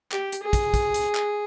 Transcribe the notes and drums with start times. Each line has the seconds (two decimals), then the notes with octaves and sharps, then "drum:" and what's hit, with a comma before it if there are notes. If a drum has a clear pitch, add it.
0.12 G4, drum: clap
0.32 drum: hi-hat
0.43 G#4
0.53 drum: kick, hi-hat
0.74 drum: kick, hi-hat
0.94 drum: hi-hat
1.15 drum: clap